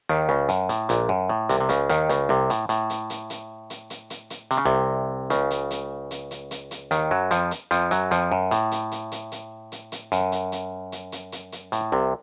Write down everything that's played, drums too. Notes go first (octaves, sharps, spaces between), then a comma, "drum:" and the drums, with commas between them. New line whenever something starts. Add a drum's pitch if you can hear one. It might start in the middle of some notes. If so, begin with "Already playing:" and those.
D#2 D#3
C#2 C#3
F#2, drum: hi-hat
A2, drum: hi-hat
A#1 A#2, drum: hi-hat
F#2
A2
C2 C3, drum: hi-hat
C3
C#2 C#3, drum: hi-hat
D#2 D#3, drum: hi-hat
C#2 C#3, drum: hi-hat
C2 C3
A2, drum: hi-hat
A2, drum: hi-hat
drum: hi-hat
drum: hi-hat
drum: hi-hat
drum: hi-hat
drum: hi-hat
drum: hi-hat
drum: hi-hat
C3, drum: hi-hat
C#3
C2 C3
C#2 C#3, drum: hi-hat
drum: hi-hat
drum: hi-hat
drum: hi-hat
drum: hi-hat
drum: hi-hat
drum: hi-hat
D#2 D#3, drum: hi-hat
F#2 F#3
F2 F3, drum: hi-hat
drum: hi-hat
F2 F3, drum: hi-hat
F#2 F#3, drum: hi-hat
F2 F3, drum: hi-hat
F#2
A2, drum: hi-hat
drum: hi-hat
drum: hi-hat
drum: hi-hat
drum: hi-hat
drum: hi-hat
drum: hi-hat
F#2, drum: hi-hat
drum: hi-hat
drum: hi-hat
drum: hi-hat
drum: hi-hat
drum: hi-hat
drum: hi-hat
A2, drum: hi-hat
C2 C3